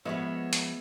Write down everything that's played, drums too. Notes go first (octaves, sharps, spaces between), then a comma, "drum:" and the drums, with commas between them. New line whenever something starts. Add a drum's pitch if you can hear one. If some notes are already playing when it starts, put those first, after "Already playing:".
F3 G#3 B3 E4 B4 C#5 E5
drum: hi-hat